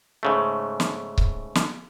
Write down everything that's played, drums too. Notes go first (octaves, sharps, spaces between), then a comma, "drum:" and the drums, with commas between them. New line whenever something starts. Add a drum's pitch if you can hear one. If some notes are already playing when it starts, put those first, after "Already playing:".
G#2 C#3 A3
drum: snare
drum: kick C#1
drum: snare